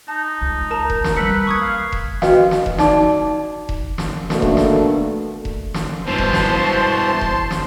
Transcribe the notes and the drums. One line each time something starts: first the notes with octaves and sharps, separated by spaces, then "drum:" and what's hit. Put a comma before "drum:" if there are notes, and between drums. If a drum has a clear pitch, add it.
D#4 A5
C#2
A#4 A5 A#5
drum: kick E1
drum: snare
G3 B4 E6 B6 C#7
A#3 C#6 D#6 G#6
F5
drum: kick E1
F#4 B4 D#5 F5 G5, drum: snare
drum: snare
drum: kick E1
D#4 D5 A5 D6, drum: snare
drum: kick E1
drum: snare
B2 D#3 A3 A#3 D4, drum: snare
drum: kick E1
drum: snare
drum: kick E1
drum: snare
G2 B2 E3 C5 A5 C6
drum: kick E1
drum: snare
drum: kick E1
drum: snare